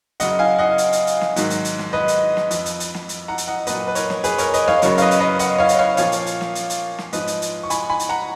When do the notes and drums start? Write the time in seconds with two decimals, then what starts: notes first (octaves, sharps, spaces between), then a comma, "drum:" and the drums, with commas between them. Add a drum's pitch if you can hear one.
0.20 F#2 C#3 F#3 D#5 F#5, drum: hi-hat
0.39 F5 G#5
0.58 D#5 F#5
0.78 drum: hi-hat
0.93 drum: hi-hat
1.07 drum: hi-hat
1.21 drum: snare
1.36 G#2 D#3 F#3, drum: hi-hat
1.50 drum: hi-hat
1.65 drum: hi-hat
1.79 drum: snare
1.93 B4 D#5
2.08 drum: hi-hat
2.37 drum: snare
2.51 F2 F3, drum: hi-hat
2.66 drum: hi-hat
2.80 drum: hi-hat
2.95 drum: snare
3.09 drum: hi-hat
3.28 F#5 A#5
3.38 drum: hi-hat
3.47 D#5 F#5
3.67 A#2 F#3 B4 D#5, drum: hi-hat
3.88 B4
3.95 A#4 C#5, drum: hi-hat
4.10 drum: snare
4.24 G#4 B4, drum: hi-hat
4.38 A#4 C#5, drum: hi-hat
4.54 B4 D#5, drum: hi-hat
4.68 C#5 F5, drum: snare
4.82 F#2 C#3 F#3 A#4 C#5, drum: hi-hat
4.98 F5, drum: hi-hat
5.01 B4 D#5
5.11 drum: hi-hat
5.20 B4 D#5
5.39 D#5 F#5, drum: hi-hat
5.58 C#5 F5
5.69 drum: hi-hat
5.79 C#5 F5
5.97 A#2 F3 C#5 F5, drum: hi-hat
6.12 drum: hi-hat
6.26 drum: hi-hat
6.41 drum: snare
6.55 drum: hi-hat
6.70 drum: hi-hat
6.99 drum: snare
7.13 G#2 F3 B4 D#5, drum: hi-hat
7.27 drum: hi-hat
7.42 drum: hi-hat
7.63 C#6
7.70 G#5 B5, drum: hi-hat
7.90 G#5 B5
8.00 drum: hi-hat
8.09 F#5 A#5